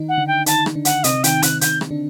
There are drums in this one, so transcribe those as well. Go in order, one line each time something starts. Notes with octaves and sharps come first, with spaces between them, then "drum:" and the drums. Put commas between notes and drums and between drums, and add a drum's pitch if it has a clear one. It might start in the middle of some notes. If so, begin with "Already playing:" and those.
Already playing: D#3 D#4
F#5
D3 D4
G5
D#3 D#4 A5, drum: hi-hat
drum: rim click
D3 D4
F#5, drum: hi-hat
C3 C4 D#5, drum: hi-hat
D#3 D#4 G5, drum: hi-hat
C3 C4 F#6, drum: hi-hat
D#3 D#4 G6, drum: hi-hat
drum: rim click
D3 D4